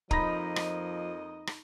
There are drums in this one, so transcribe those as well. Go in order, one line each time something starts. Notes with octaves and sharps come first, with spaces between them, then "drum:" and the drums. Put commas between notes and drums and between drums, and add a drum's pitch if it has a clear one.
F2 F3 A#3 D#4 D#5 A#5 B5 A#6, drum: kick
drum: rim click
drum: rim click